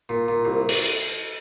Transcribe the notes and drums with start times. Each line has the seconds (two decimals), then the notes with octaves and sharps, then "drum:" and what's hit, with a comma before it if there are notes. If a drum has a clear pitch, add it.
0.09 A#2
0.28 A#2
0.45 C2
0.69 drum: cymbal